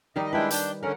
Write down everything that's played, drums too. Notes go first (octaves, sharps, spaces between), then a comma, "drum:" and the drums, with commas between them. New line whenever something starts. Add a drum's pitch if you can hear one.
D#3 G3 D#4 D#5
G#3 D4 E4 B4 G5
D4 G6, drum: hi-hat
D3 C#4 A#4 F#5